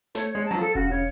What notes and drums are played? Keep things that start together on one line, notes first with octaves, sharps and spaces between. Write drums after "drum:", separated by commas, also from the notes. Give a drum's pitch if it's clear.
A3 C#5, drum: snare
G#3 C#5
A5
F#3
F3
A4
C#3 F#4, drum: kick E1
C#3 C#5